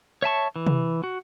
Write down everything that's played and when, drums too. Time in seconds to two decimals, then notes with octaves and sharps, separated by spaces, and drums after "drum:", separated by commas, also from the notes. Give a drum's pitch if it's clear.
0.22 C#5 E5 A5 C#6
0.56 E3
0.67 drum: tom C3
1.04 F#4